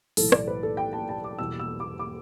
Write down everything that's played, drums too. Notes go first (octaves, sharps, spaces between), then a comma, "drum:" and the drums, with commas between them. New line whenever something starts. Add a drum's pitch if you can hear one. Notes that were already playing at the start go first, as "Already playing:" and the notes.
B1 A2 E3 A4, drum: open hi-hat
D5, drum: rim click
B4
A4
G5
A5
A5
D6
E2 B2 G3 E6
E6
D6
D6